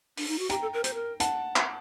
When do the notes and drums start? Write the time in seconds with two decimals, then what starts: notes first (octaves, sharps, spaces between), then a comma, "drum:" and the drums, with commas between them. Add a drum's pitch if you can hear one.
0.17 D4, drum: open hi-hat
0.28 D#4
0.39 F#4
0.50 G4 G5 A#5, drum: hi-hat
0.62 A4
0.73 A#4
0.84 C5, drum: hi-hat
0.94 A#4
1.20 F#5 A5, drum: hi-hat
1.56 drum: clap